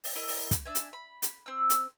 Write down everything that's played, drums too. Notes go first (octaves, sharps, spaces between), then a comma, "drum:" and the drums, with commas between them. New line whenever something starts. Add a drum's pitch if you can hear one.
drum: open hi-hat
E4 A#4 D#5
drum: open hi-hat
drum: kick, hi-hat
D4 E5 G#5
drum: hi-hat
B5
drum: hi-hat
C4 E6
drum: hi-hat